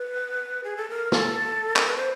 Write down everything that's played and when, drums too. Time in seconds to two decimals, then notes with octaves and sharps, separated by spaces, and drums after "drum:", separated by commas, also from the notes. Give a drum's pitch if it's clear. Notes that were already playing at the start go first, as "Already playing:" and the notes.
Already playing: B4
0.64 G#4
0.77 A4
0.90 A#4
1.12 A4, drum: snare
1.76 A#4, drum: clap
1.87 B4
1.97 C5